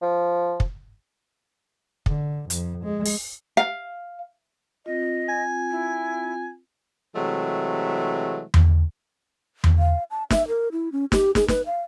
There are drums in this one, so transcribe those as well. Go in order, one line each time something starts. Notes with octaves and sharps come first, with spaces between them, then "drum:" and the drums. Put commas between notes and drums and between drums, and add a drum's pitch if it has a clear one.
F3
drum: kick
D3, drum: kick
F2, drum: hi-hat
G#3
drum: open hi-hat
F5
C4 F4 D#5
G#5
E4
C3 E3 F#3 G#3 A3
drum: tom E2
drum: tom E2
F5
A5
E5, drum: snare
A#4
E4
C#4
G4, drum: snare
G#4, drum: snare
B4, drum: snare
F5